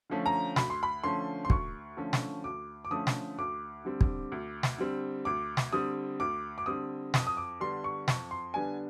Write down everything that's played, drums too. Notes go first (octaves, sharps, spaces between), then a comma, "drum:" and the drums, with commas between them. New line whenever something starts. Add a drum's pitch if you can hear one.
D3 F3 A3 C#4
A#5
D2 B5, drum: snare
C6
B5
D3 F3 A3 C#4 C6
C6
D2 C#6, drum: kick
D3 F3 A3 C#4
drum: snare
D2 D6
D6
D3 F3 A3 C#4 D#6
drum: snare
D2 D6
D3 G3 C4
drum: kick
D2
drum: snare
D3 G3 C4
D2 D6
drum: snare
D3 G3 C4 D#6
D2 D6
D6
D3 G3 C4 D#6
F2 D#6, drum: snare
D#6
D6
D3 G3 B3 D4 C6
C#6
F2 C#6, drum: snare
C6
D3 G3 B3 D4 G#5